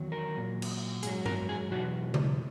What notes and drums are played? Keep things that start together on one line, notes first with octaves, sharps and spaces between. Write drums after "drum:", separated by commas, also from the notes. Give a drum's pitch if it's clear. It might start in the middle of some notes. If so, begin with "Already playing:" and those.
Already playing: E2 D#3 F#3
A#4
A#2 F#3
drum: cymbal
G#2 F#3 G#4, drum: hi-hat
A#4, drum: tom G2
G#4
E2 B2 F#3 F#4
drum: tom C#3